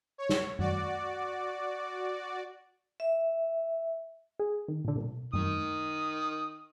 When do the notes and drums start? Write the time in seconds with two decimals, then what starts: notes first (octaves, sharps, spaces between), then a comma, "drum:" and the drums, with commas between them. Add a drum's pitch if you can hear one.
0.18 C#5
0.29 drum: snare
0.59 F#4 D5, drum: tom F#2
3.00 E5
4.40 G#4
4.68 D#3
4.85 A#2 D3
4.96 drum: tom B2
5.33 D#3 D#6, drum: tom F#2